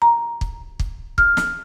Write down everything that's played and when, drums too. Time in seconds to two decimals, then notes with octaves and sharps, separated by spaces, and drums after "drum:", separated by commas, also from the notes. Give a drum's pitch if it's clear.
0.02 A#5
0.41 drum: kick
0.79 drum: kick
1.18 F6, drum: kick
1.37 drum: snare